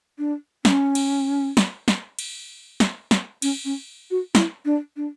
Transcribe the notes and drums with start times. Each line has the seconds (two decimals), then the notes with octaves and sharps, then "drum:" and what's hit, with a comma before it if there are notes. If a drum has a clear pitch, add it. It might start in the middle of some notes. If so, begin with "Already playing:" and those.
0.18 D4
0.65 C#4, drum: snare
0.95 drum: cymbal
1.57 drum: snare
1.88 drum: snare
2.19 drum: cymbal
2.80 drum: snare
3.11 drum: snare
3.42 C#4, drum: cymbal
3.65 C#4
4.11 F#4
4.35 E4, drum: snare
4.65 D4
4.97 D4